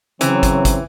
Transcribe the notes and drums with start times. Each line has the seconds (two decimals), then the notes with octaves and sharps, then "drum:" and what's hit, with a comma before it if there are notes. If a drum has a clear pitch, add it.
0.21 C#3 E3 F#3 C4, drum: hi-hat
0.43 drum: kick, hi-hat
0.65 drum: kick, hi-hat